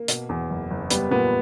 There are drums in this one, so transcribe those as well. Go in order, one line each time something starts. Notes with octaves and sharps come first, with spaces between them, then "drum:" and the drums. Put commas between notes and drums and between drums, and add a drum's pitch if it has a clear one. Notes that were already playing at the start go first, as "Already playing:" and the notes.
Already playing: A#3
B2, drum: hi-hat
E2
F#1
F#1
G3 B3, drum: hi-hat
A#2 B3